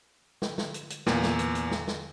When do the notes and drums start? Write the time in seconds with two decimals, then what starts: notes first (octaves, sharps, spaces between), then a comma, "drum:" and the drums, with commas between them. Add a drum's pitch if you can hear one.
0.42 drum: snare
0.58 drum: snare
0.74 drum: hi-hat
0.90 drum: hi-hat
1.06 E2 A#2, drum: snare
1.23 drum: snare
1.39 drum: hi-hat
1.55 drum: hi-hat
1.71 drum: snare
1.87 drum: snare